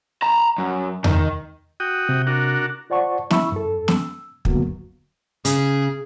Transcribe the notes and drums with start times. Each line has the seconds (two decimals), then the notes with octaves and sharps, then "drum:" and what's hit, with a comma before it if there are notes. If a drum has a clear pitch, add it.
0.22 A5 A#5
0.58 F#2
1.04 D#3, drum: tom E2
1.80 F#4 G5 D#6
2.09 C3
2.27 D4 F#4 A#4
2.90 F4 C5 D5 F#5 A5 C#6
3.31 E4 E5 B5 C#6 E6, drum: snare
3.52 F#2 A4
3.88 E6, drum: snare
4.45 F#2 D3 F#3 A#3 B3 F#4, drum: kick
5.45 C#3 G#4, drum: hi-hat